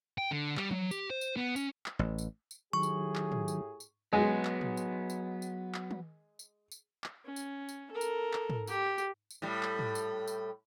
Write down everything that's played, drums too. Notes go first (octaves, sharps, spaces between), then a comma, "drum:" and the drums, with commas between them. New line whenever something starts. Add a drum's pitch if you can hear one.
G5
D3
G3, drum: clap
F#3, drum: tom
G4, drum: tambourine
C5
drum: tambourine
B3
C#4, drum: tambourine
drum: clap
A1
drum: tambourine
drum: tambourine
A2 D#3 F#3 G4 G#4 C#6
drum: tambourine
drum: clap
drum: tom
drum: tambourine
drum: tambourine
F#3 G#3 B3
drum: clap
drum: tom
drum: tambourine
drum: tambourine
drum: tambourine
drum: clap
drum: tom
drum: tambourine
drum: tambourine
drum: clap
C#4
drum: tambourine
drum: tambourine
A4 A#4
drum: tambourine
drum: clap
drum: tom
G4, drum: tambourine
drum: tambourine
drum: tambourine
A2 G3
drum: clap
drum: tom
drum: tambourine
drum: tambourine